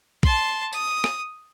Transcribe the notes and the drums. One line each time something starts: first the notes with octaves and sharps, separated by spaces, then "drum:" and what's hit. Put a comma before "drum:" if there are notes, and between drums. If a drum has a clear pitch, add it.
A5 C6, drum: kick A#1
D#6, drum: tambourine
drum: rim click